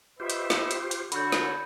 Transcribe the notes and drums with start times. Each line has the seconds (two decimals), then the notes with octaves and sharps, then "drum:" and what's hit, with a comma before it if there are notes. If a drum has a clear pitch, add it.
0.20 F4 G4 B4 C5 D#5 E5
0.30 drum: hi-hat
0.50 drum: snare
0.71 drum: hi-hat
0.91 drum: hi-hat
1.12 D3 F#4 A4 C#5 B5 G6, drum: hi-hat
1.32 drum: snare